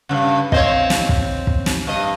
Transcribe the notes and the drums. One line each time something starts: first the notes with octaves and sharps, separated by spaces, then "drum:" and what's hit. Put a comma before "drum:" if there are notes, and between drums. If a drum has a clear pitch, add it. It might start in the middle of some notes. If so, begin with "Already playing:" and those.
G2 C#3
C4 C5 C#5 D#5 F5, drum: kick
drum: snare
drum: kick
drum: kick
drum: snare
G2 D#5